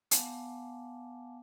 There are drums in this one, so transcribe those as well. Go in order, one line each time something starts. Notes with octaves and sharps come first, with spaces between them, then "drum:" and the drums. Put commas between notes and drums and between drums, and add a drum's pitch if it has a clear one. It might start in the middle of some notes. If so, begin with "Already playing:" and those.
B3 F5 F#5 G#5 A5 D6, drum: hi-hat